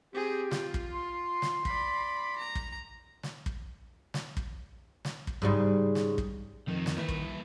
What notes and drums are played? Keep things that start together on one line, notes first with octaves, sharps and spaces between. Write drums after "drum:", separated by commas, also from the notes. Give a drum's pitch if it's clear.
C4 G4 G#4
F4, drum: snare
drum: kick
C6
drum: snare
D5 B5, drum: kick
A#5
drum: kick
drum: snare
drum: kick
drum: snare
drum: kick
drum: snare
drum: kick
G#2 C#3 G3
drum: snare
drum: kick
F2 D#3
drum: snare
E3 A#3 E5
drum: kick